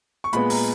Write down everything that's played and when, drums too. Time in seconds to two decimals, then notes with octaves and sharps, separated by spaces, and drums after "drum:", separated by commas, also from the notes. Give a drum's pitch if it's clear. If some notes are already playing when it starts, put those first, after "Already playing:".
0.24 C#6
0.33 A#2 G#3 B3 B5, drum: hi-hat
0.50 A#5, drum: open hi-hat